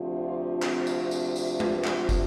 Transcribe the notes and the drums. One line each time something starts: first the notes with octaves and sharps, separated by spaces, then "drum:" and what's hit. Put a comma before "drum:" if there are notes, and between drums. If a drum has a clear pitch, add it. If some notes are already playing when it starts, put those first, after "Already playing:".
Already playing: D2 C3 F3
F4
C4, drum: clap
drum: tambourine
drum: tambourine
drum: tambourine
drum: tom G#3
drum: clap
drum: kick, tambourine